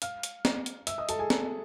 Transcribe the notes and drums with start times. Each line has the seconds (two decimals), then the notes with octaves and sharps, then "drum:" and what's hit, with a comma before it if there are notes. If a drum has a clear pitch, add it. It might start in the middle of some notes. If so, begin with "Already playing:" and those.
0.02 F5 F6, drum: hi-hat
0.23 drum: hi-hat
0.45 drum: snare
0.66 drum: hi-hat
0.87 E5 E6, drum: hi-hat
0.98 D#5 D#6
1.09 A4 A5, drum: hi-hat
1.19 G#4 G#5
1.30 drum: snare